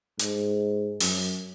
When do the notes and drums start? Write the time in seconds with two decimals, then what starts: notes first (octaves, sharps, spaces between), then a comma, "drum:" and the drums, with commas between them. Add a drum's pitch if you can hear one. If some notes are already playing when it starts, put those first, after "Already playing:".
0.19 G#2, drum: hi-hat
1.00 F#2, drum: open hi-hat